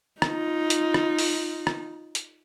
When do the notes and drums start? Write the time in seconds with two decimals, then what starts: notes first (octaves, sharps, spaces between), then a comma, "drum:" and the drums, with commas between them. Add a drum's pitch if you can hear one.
0.22 D#4 F4, drum: rim click
0.70 drum: hi-hat
0.94 drum: rim click
1.19 drum: open hi-hat
1.67 drum: rim click
2.15 drum: hi-hat